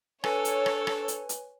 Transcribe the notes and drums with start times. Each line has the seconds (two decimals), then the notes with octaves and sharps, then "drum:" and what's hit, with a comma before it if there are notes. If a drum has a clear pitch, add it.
0.24 D4 A4 B4 C#5 G#5, drum: rim click
0.45 drum: hi-hat
0.66 drum: rim click
0.87 drum: rim click
1.08 drum: hi-hat
1.29 drum: hi-hat